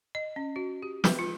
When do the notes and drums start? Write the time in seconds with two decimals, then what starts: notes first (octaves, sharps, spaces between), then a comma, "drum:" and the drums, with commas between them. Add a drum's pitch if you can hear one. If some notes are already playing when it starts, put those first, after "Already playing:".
0.15 D#5
0.36 C#4
0.56 F#4
0.83 G4
1.04 B4, drum: snare
1.19 F4